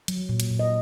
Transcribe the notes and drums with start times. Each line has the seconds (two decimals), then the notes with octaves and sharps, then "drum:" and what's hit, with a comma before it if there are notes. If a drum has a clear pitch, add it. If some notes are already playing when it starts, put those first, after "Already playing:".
0.08 F#3, drum: hi-hat
0.29 A#2
0.40 drum: hi-hat
0.50 A#2
0.59 D#5